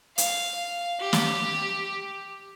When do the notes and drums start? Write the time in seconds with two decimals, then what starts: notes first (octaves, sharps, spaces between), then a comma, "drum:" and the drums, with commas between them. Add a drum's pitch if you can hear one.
0.18 F5, drum: hi-hat
1.01 G4
1.13 drum: snare